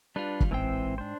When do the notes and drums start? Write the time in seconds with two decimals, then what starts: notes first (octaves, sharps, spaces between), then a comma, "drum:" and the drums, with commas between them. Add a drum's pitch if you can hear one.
0.16 G3 D4 F4 B4
0.40 drum: kick
0.51 A1 G#2 E3 C4 C5 G5
0.98 D4 C5